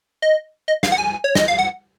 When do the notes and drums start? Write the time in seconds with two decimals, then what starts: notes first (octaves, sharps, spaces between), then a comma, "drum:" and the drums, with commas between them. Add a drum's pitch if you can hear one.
0.22 D#5
0.68 D#5
0.83 F5, drum: snare
0.92 F#5
0.98 G#5
1.24 C#5
1.35 D#5, drum: snare
1.48 F5
1.59 F#5